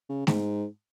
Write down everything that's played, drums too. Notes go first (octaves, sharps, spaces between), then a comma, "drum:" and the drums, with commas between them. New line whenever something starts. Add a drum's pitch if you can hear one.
C#3
G#2, drum: snare